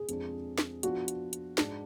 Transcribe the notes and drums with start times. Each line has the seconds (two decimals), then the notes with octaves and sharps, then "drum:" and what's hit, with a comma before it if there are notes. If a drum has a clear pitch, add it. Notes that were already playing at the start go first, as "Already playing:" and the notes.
Already playing: G#4
0.09 F2 F3 G#3 D4, drum: hi-hat
0.58 drum: snare
0.83 F3 B3 D4 F4 F#4, drum: hi-hat
1.08 drum: hi-hat
1.33 drum: hi-hat
1.58 G#2 G#3 D4, drum: snare